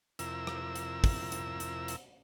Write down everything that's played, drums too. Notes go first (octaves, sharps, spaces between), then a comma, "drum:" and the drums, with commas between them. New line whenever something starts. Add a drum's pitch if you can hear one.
F2 C3 E4 A#4 E6, drum: hi-hat
drum: rim click
drum: hi-hat
drum: kick, open hi-hat
drum: hi-hat
drum: hi-hat
drum: hi-hat